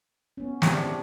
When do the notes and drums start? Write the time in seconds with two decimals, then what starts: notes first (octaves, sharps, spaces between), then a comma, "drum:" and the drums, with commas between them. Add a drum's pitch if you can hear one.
0.37 B3 C#4
0.62 A2 C3 D4, drum: snare